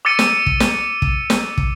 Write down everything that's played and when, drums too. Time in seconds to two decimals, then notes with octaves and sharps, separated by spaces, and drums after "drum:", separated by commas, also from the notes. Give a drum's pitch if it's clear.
0.05 D6 E6 A6 C#7 D#7
0.19 drum: snare
0.46 drum: kick
0.60 drum: snare
1.02 drum: kick
1.30 drum: snare
1.58 drum: kick